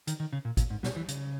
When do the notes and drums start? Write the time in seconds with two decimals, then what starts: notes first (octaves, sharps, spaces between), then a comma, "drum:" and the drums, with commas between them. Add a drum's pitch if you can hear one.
0.07 D#3, drum: hi-hat
0.20 D#3
0.33 C#3
0.45 A#2
0.57 A#2, drum: kick, hi-hat
0.70 G#2
0.83 B2, drum: snare
0.96 E3
1.08 C#3, drum: hi-hat